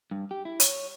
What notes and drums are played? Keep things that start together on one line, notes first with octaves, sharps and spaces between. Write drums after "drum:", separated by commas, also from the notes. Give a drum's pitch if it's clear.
G2
G4
E4
C#5, drum: hi-hat